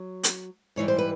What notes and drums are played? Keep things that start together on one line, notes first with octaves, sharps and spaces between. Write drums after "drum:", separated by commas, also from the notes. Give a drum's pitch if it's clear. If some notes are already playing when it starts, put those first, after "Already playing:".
Already playing: F#3
drum: hi-hat
G#2 E3 G3 C#5
C5
B4